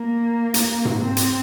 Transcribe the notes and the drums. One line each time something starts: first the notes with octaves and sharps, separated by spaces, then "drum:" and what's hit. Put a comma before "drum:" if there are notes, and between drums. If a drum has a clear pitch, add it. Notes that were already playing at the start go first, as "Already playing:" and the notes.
Already playing: A#3
drum: hi-hat
drum: tom G#2
C4
drum: hi-hat